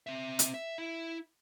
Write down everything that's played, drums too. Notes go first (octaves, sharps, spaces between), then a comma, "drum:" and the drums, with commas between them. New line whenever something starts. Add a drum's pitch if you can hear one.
C4 E5
drum: hi-hat
E5
E4